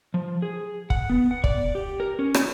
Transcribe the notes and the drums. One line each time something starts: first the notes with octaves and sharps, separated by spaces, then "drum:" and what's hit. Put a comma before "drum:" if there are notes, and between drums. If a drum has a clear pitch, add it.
F3
G#4
F#5, drum: kick
B3
F#5
D5, drum: kick
G4
A#4
C#4
drum: rim click